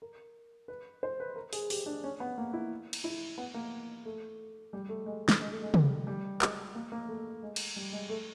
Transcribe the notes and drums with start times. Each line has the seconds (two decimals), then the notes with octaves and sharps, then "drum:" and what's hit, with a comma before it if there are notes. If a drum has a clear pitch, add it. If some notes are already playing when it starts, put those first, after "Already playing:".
0.02 A#4
0.68 B4
1.03 C5
1.20 B4
1.36 A#4
1.53 G#4, drum: open hi-hat
1.70 G4, drum: open hi-hat
1.86 D4
2.04 C#4
2.20 B3
2.38 A#3
2.54 E4
2.93 drum: cymbal
3.04 E4
3.38 B3
3.54 A#3
4.05 A3
4.73 G3
4.89 A3
5.06 G#3
5.29 drum: snare
5.41 G#3
5.52 A3
5.62 G#3
5.74 G3, drum: tom
6.07 G3
6.42 G#3, drum: clap
6.75 A#3
6.92 A#3
7.08 A3
7.43 G#3
7.56 drum: cymbal
7.76 G3
7.92 G#3
8.10 A3